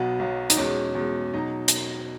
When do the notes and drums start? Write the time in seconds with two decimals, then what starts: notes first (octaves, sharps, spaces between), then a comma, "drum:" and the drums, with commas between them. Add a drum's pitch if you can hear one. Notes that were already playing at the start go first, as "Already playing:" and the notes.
Already playing: B1 B2 F#3 B3
0.19 B1 B2 F#3
0.50 D#4, drum: hi-hat
0.57 E2 B2 G#3 C#4
0.95 E2 B2 G#3
1.34 B2 F#3 D#4
1.68 drum: hi-hat